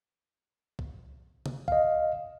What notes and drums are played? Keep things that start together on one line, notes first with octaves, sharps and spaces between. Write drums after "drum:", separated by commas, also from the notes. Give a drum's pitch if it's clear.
drum: kick
drum: tom
D#5 F5, drum: kick